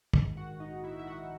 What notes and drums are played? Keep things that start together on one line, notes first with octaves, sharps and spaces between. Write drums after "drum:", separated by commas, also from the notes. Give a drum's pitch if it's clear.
A#1 G#2 D#3, drum: kick
F#4 F#5
D#4 D#5
E4 E5
E5
F#4 F#5